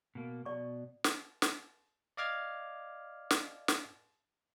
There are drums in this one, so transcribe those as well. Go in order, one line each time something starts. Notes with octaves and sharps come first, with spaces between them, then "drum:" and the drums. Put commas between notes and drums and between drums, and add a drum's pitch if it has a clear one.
B2 A#3
B2 D5 C#6
drum: snare
drum: snare
D5 D#5 F5 D6 F6 G#6
drum: snare
drum: snare